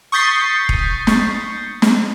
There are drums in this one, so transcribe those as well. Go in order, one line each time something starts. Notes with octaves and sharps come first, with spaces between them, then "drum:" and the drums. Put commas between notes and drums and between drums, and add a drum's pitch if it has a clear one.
C#6 D#6 G6 A6 B6 C7
drum: kick E1
drum: snare
drum: snare